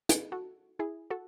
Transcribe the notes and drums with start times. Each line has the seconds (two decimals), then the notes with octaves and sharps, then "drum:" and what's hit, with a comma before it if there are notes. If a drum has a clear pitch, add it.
0.09 G#4 B4, drum: hi-hat
0.32 F#4 A4
0.79 E4 G#4
1.10 F#4 A4